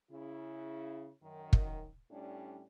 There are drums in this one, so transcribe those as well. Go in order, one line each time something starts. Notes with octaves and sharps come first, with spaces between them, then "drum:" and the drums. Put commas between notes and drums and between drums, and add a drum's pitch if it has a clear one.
C#3 E4
F#2 D#3
drum: kick
A2 G3 C#4 D4